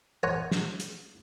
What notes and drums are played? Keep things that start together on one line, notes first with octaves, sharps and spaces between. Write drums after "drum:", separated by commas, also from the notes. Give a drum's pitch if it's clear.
A#4 C5 C#5 F#5 G#5 A#5
drum: snare
drum: hi-hat